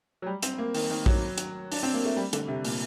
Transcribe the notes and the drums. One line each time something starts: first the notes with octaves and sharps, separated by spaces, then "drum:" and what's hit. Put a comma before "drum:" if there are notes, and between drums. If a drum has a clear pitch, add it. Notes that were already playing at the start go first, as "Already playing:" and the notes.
F#3
G3
C4, drum: hi-hat
A#3
D#3, drum: open hi-hat
D#3
F#3, drum: kick A#1
drum: hi-hat
D4, drum: open hi-hat
C4
A#3
A3
G3
D3, drum: hi-hat
C3
A#2, drum: open hi-hat